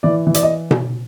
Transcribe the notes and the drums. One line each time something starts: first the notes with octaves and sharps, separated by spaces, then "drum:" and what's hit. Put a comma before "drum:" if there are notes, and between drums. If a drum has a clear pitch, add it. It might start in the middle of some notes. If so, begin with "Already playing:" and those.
E3 D5
E3
D5, drum: hi-hat
D#5
drum: tom B2